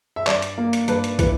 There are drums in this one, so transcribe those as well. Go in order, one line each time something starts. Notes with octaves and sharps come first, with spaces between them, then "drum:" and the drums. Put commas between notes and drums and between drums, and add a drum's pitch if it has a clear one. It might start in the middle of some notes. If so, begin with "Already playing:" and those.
E5
G2 D5, drum: clap
drum: hi-hat
A#3
drum: hi-hat
G2 B4, drum: hi-hat
drum: hi-hat
E3 B4, drum: kick, hi-hat